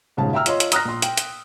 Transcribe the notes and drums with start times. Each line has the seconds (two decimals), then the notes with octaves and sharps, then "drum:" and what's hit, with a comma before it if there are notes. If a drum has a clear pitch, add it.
0.17 D#1 G#2 C#3 A5
0.33 E5 G5 A#5 E6 F6
0.46 F4 C#5 D#5 C6, drum: hi-hat
0.60 drum: hi-hat
0.72 A#5 D#6 F6 F#6 A#6, drum: hi-hat
0.85 A#1 C6
1.02 G5, drum: hi-hat
1.17 drum: hi-hat